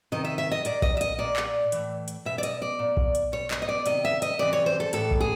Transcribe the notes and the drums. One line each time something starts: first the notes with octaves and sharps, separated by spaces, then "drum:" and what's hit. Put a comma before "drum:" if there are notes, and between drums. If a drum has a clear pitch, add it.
C3 D#3 D#5
E5
E5
D#5
A#2 D5, drum: hi-hat
D#5, drum: kick B1
E5
D#5, drum: hi-hat
A#2 D5
drum: clap
A2 E3, drum: hi-hat
drum: hi-hat
B2 E5
D5
D#5, drum: hi-hat
D5
A#2
drum: kick B1
drum: hi-hat
B2 C#5
D#5, drum: clap
D#5
D5
C3 D#3 D#5, drum: hi-hat
E5
D#5, drum: hi-hat
C3 E3 D5
C#5
C5
A4
A2 E3 A4, drum: hi-hat
drum: kick B1
G#4